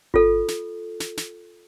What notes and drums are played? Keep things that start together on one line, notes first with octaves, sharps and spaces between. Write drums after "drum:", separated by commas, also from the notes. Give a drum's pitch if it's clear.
F4 A4, drum: kick G1
drum: snare
drum: snare
drum: snare